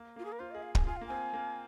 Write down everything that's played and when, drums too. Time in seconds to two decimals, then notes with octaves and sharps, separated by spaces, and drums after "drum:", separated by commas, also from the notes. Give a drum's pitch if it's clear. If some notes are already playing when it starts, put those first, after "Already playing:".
Already playing: A#3
0.16 A#3 F4
0.25 G#4
0.32 A#4
0.39 F4 C5
0.51 D#5
0.54 G#4
0.62 F5
0.75 G#5, drum: kick
0.87 F4 G#5
0.96 A#3 F5
1.07 C4 G#5
1.33 A#3